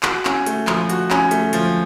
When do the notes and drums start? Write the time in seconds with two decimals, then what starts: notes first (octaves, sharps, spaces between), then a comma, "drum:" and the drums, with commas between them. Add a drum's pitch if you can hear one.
0.03 F#4, drum: clap
0.25 C#4, drum: clap
0.46 A3, drum: hi-hat
0.67 F3, drum: clap
0.89 F#4, drum: hi-hat
1.11 C#4, drum: clap
1.31 A3, drum: hi-hat
1.53 F3, drum: hi-hat